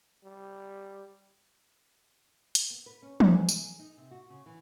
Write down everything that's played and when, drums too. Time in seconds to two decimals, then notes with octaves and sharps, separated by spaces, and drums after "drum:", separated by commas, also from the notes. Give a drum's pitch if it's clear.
0.24 G3
2.55 drum: hi-hat
2.70 B3
2.86 B4
3.02 C#4
3.20 A4, drum: tom
3.34 G#4
3.49 C3, drum: tambourine
3.62 G#4
3.79 D#4
3.97 C3
4.11 F#4
4.30 C#3
4.46 E3